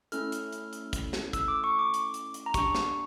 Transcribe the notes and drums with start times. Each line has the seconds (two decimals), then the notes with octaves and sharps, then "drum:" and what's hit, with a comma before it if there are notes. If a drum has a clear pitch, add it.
0.12 A3 C#4 E4 A4 F6, drum: hi-hat
0.32 drum: hi-hat
0.53 drum: hi-hat
0.73 drum: hi-hat
0.93 drum: kick, hi-hat
1.13 drum: snare
1.33 E6, drum: kick, hi-hat
1.48 D6
1.64 C#6
1.79 D6
1.94 drum: hi-hat
2.14 drum: hi-hat
2.34 drum: hi-hat
2.46 A#5
2.54 D4 G4 C#6, drum: kick, hi-hat
2.75 drum: snare